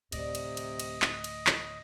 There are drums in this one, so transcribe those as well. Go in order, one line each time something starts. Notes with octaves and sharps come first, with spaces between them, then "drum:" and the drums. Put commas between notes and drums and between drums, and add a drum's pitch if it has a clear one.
D2 A2 C3 D5 D#5, drum: cymbal
drum: cymbal
drum: cymbal
drum: cymbal
drum: clap
drum: cymbal
drum: clap